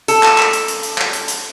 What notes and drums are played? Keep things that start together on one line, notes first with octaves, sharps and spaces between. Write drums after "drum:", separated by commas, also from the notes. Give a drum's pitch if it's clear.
A4, drum: hi-hat
drum: clap
drum: clap
drum: hi-hat
drum: hi-hat
drum: hi-hat
drum: clap
drum: hi-hat
drum: hi-hat